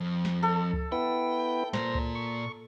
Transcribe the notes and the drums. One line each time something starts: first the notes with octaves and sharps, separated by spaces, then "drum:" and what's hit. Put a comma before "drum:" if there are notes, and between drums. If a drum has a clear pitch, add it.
F2
drum: snare
A4
drum: kick C#2
B3 E4 B4 G5
A#2 A#3 C5 A#5, drum: snare
drum: kick C#2
C#6